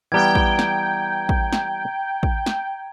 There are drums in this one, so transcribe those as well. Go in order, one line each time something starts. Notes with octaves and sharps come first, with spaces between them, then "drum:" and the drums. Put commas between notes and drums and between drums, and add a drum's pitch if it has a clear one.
E3 G3 B3 G5 A#5 G#6
drum: kick
drum: snare
drum: kick
drum: snare
drum: kick
drum: snare